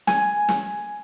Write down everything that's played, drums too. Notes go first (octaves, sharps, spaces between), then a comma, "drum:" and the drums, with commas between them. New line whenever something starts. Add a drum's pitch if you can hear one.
G#5, drum: snare
drum: snare